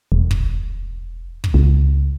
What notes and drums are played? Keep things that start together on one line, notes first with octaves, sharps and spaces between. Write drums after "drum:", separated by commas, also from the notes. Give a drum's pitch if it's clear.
E1
drum: kick
drum: kick
C#2